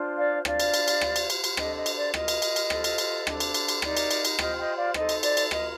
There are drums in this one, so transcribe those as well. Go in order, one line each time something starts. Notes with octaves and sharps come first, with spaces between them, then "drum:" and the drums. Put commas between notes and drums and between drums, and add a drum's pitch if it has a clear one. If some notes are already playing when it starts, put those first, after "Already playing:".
Already playing: D4 F4 C5
D5 F5
D4 F4 C5 D5 F5, drum: rim click
drum: cymbal
drum: cymbal
drum: cymbal
F4 C5, drum: rim click
drum: cymbal
drum: cymbal
drum: cymbal
D4 A4 C5 D#5, drum: rim click
D#5
drum: cymbal
D5
F4 A#4 D#5, drum: rim click
drum: cymbal
drum: cymbal
drum: cymbal
F4 A4 C5, drum: rim click
drum: cymbal
drum: cymbal
D4 A4 C5, drum: rim click
drum: cymbal
drum: cymbal
drum: cymbal
D#4 A#4 D5, drum: rim click
drum: cymbal
drum: cymbal
drum: cymbal
F4 C5 D#5 G5, drum: rim click
D#5 G5
D5 F5
D#4 A4 C5 D#5, drum: rim click
drum: cymbal
D5, drum: cymbal
drum: cymbal
F4 A#4 D#5, drum: rim click